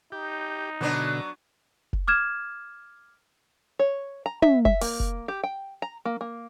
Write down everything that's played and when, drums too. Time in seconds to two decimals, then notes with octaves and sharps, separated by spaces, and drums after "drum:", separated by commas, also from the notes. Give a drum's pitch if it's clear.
0.12 D#4 G4
0.81 B2 D3 F#3 B3 D4
1.93 drum: kick F1
2.08 D6 F6 G#6 E7
3.79 C#5
4.26 A#5
4.42 E5, drum: tom
4.65 E5, drum: kick F1
4.81 A#3, drum: open hi-hat
5.00 drum: kick F1
5.28 G4
5.43 G5
5.82 A#5
6.05 A#3
6.21 A#3